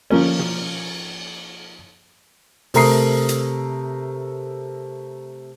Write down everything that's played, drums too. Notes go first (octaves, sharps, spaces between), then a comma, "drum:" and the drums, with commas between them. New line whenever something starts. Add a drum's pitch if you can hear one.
F3 A#3 C#4, drum: cymbal
drum: tom
C3 A3 A#4 A#5 D#6 C7, drum: open hi-hat
drum: hi-hat